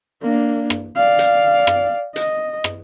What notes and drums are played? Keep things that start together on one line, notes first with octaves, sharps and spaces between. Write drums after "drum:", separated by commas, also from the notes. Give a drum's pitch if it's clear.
A#3 D4
drum: rim click
D5 F5
drum: hi-hat
drum: rim click
D#5, drum: hi-hat
drum: rim click